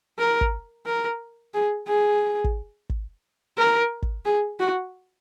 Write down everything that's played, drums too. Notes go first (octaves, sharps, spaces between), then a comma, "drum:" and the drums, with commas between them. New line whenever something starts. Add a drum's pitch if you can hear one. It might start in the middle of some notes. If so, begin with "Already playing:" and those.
A#4
drum: kick
A#4
G#4
G#4
drum: kick
drum: kick
A#4
drum: kick
G#4
F#4